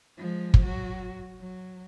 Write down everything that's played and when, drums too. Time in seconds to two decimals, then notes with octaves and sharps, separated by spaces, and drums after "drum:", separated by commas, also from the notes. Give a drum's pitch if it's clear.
0.17 F3 G#3
0.54 drum: kick
0.64 F#3 F#4
1.41 F#3